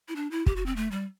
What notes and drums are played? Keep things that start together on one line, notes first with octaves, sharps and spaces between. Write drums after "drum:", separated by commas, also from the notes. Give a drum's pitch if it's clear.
E4
D4
E4
G4, drum: kick
F#4
C4
A3
G3